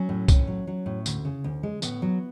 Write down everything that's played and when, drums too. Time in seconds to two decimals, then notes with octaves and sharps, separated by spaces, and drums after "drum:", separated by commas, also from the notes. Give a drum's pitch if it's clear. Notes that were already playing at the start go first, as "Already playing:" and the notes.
Already playing: F#3 C#4
0.09 A2
0.28 A2, drum: kick, tambourine
0.47 F#3
0.67 F#3
0.86 A2
1.06 D2, drum: tambourine
1.25 C#3
1.44 D2
1.63 G#3
1.82 A2 B3, drum: tambourine
2.02 F#3